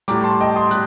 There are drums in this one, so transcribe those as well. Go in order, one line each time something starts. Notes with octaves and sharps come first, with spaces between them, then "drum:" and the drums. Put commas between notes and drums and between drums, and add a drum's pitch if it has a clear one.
A2 G3 A#5 D6, drum: hi-hat
A5 C6
D#5 G5
C6 D#6
G3 F#6, drum: hi-hat